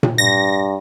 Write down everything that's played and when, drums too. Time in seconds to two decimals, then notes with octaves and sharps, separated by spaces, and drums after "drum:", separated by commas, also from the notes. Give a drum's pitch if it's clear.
0.03 drum: tom A#2
0.18 G2 A#6